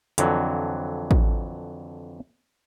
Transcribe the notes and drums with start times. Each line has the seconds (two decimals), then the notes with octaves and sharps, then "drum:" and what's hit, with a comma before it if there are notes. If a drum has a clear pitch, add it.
0.18 F2 D3 E3 F#3, drum: hi-hat
1.11 drum: kick